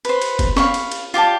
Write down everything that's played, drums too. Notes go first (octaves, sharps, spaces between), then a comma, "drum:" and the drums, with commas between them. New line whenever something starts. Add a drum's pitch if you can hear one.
B4 C5, drum: cymbal
drum: cymbal
drum: kick, cymbal
F5 B5 C#6, drum: snare
drum: cymbal
drum: cymbal
F4 G4 D5 A5